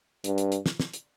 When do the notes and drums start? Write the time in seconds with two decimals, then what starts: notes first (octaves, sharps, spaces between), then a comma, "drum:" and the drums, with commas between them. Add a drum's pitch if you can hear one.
0.24 G2, drum: hi-hat
0.38 drum: hi-hat
0.52 drum: hi-hat
0.66 drum: snare
0.80 drum: snare
0.93 drum: hi-hat